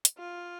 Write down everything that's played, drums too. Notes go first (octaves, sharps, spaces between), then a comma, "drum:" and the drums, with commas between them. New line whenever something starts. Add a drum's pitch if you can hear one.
drum: hi-hat
F4